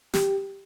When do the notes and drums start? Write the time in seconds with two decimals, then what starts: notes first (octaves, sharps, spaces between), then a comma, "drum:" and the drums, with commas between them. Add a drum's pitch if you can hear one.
0.13 G4, drum: snare